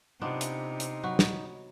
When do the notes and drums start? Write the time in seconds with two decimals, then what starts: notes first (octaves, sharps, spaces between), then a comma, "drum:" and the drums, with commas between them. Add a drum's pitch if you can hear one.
0.21 C3 B3 D4 D#4 F4
0.41 drum: hi-hat
0.80 drum: hi-hat
1.03 F#3 F#4 B4
1.19 drum: snare